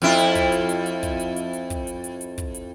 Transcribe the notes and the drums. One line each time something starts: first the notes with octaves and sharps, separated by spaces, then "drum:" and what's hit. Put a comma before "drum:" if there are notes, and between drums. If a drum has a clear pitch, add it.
F2 E4 F4, drum: hi-hat
drum: hi-hat
drum: kick, hi-hat
drum: hi-hat
drum: hi-hat
drum: hi-hat
drum: kick, hi-hat
drum: hi-hat
drum: hi-hat
drum: hi-hat
drum: kick, hi-hat
drum: hi-hat
drum: hi-hat
drum: hi-hat
drum: kick, hi-hat
drum: hi-hat